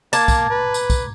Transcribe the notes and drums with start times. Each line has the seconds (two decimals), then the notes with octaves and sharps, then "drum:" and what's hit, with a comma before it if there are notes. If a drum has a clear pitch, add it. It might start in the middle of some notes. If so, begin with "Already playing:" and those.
0.13 A#3 A5 A#5 D6 G#6, drum: tambourine
0.28 drum: kick, tambourine
0.50 B4
0.74 drum: tambourine
0.90 drum: kick, tambourine